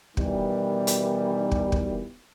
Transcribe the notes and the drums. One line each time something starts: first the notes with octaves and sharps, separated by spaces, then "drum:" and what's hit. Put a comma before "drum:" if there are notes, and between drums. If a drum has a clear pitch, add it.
B2 D#3 E3 G3, drum: kick
drum: hi-hat
drum: kick
drum: kick